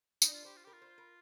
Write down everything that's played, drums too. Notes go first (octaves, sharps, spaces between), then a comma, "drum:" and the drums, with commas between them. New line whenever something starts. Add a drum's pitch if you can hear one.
D4 D#4, drum: tambourine
F4
G4 C5
F4
G4 A#4
F4
C5
A#4